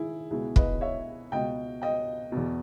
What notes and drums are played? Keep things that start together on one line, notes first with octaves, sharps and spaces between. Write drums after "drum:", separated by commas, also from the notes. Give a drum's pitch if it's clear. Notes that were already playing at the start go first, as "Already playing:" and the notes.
Already playing: D#3 E4 G#4
C#2 B2 E4 G#4
B4 D#5, drum: kick
C#5 E5
C#2 B2 D#5 G5
D#5 G5
E2 B2